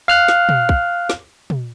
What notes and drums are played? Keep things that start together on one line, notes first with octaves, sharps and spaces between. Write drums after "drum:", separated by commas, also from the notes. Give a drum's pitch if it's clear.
F5 F6 F#6
drum: snare
drum: tom
drum: kick
drum: snare
drum: tom